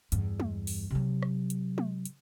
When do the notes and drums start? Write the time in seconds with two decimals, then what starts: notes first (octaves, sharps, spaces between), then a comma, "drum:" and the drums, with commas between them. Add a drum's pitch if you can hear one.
0.12 E2 G2, drum: hi-hat
0.40 drum: tom G#3
0.67 drum: open hi-hat
0.90 C3 F#3
1.23 drum: rim click
1.50 drum: hi-hat
1.78 drum: tom G#3
2.05 drum: hi-hat